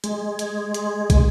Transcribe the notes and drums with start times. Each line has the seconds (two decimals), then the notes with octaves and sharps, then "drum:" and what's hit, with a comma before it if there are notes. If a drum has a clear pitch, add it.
0.04 G#3, drum: hi-hat
0.39 drum: hi-hat
0.74 drum: hi-hat
1.10 drum: kick, hi-hat